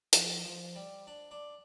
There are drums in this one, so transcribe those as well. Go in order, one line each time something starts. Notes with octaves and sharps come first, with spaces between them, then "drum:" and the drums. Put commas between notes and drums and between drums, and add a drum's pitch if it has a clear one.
F3, drum: hi-hat
F3
G3
D4
D4